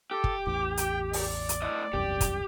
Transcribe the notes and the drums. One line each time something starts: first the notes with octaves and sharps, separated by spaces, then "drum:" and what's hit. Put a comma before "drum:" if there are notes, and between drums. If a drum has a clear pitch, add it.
G4 A4
drum: kick
A1 E2 D6
G5, drum: hi-hat
D5, drum: open hi-hat
drum: hi-hat
A2 D#5
E1 C2 F#2 G4
drum: kick, hi-hat